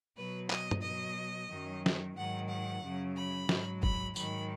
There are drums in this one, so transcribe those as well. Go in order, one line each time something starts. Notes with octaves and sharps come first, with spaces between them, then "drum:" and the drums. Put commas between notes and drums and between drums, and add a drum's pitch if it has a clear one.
B2 F#3 B4
D#5, drum: clap
drum: tom G2
B2 F#3 D#5
F#2 D#3 F#3
drum: snare
G#2 D#3 F#3 F#5
F#5
F#2 C#3 F#3
B5
G#2 F#3, drum: snare
B5, drum: kick
G#2 D#3 F#3 B5, drum: tambourine